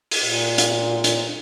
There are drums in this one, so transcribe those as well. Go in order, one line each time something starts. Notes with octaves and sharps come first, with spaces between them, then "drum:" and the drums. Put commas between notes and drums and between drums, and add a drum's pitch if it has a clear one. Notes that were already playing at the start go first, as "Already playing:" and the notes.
drum: open hi-hat
A#2
drum: hi-hat
drum: hi-hat